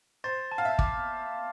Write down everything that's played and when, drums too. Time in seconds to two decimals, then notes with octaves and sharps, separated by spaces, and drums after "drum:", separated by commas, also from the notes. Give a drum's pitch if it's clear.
0.24 C5 A6
0.52 A5
0.58 F5
0.65 E5
0.79 D6, drum: kick